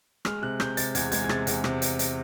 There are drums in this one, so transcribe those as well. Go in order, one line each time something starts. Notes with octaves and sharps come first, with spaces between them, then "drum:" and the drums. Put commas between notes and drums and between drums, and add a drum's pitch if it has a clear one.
G#3 F6, drum: rim click
C3 F#6
C3 G6, drum: rim click
C3 A6, drum: hi-hat
E2 G#6, drum: hi-hat
G#3 G#6, drum: hi-hat
G#6
C3 A6, drum: rim click
E2, drum: hi-hat
C3, drum: rim click
drum: hi-hat
drum: hi-hat